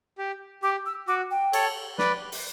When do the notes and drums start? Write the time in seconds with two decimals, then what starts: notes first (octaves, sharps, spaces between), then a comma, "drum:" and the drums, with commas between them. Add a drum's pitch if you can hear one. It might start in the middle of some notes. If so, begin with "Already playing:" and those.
0.18 G4
0.63 G4 D6
0.86 E6
1.08 F#4 D6
1.31 G5
1.53 A4 C#5, drum: cymbal
1.98 B4 D5, drum: snare
2.32 drum: open hi-hat